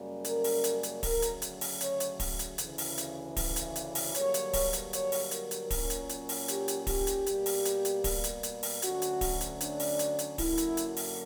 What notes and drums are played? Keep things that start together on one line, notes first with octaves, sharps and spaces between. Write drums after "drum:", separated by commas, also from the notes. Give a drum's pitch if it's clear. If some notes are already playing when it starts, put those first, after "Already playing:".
Already playing: F#2 C#3 G3 A#3 C#4
A#4, drum: hi-hat
drum: open hi-hat
drum: hi-hat
drum: hi-hat
D2 C#3 F#3 A#4, drum: kick D1, open hi-hat
drum: hi-hat
drum: hi-hat
drum: open hi-hat
C#5, drum: hi-hat
drum: hi-hat
drum: kick D1, open hi-hat
drum: hi-hat
D2 C#3 E3, drum: hi-hat
drum: open hi-hat
drum: hi-hat
drum: kick D1, open hi-hat
drum: hi-hat
drum: hi-hat
drum: open hi-hat
G2 D3 F#3 A#3 C#5, drum: hi-hat
drum: hi-hat
drum: kick D1, open hi-hat
drum: hi-hat
C#5, drum: hi-hat
drum: open hi-hat
A#4, drum: hi-hat
drum: hi-hat
A#2 F#3 C#4, drum: kick D1, open hi-hat
drum: hi-hat
drum: hi-hat
drum: open hi-hat
G4, drum: hi-hat
drum: hi-hat
G4, drum: kick D1, open hi-hat
drum: hi-hat
B2 G3 A#3, drum: hi-hat
drum: open hi-hat
drum: hi-hat
drum: hi-hat
drum: kick D1, open hi-hat
drum: hi-hat
drum: hi-hat
drum: open hi-hat
D2 D3 F#3 C#4 F#4, drum: hi-hat
drum: hi-hat
drum: kick D1, open hi-hat
drum: hi-hat
D4, drum: hi-hat
drum: open hi-hat
drum: hi-hat
drum: hi-hat
F#2 D3 F#3 A#3 E4, drum: kick D1, open hi-hat
drum: hi-hat
drum: hi-hat
drum: open hi-hat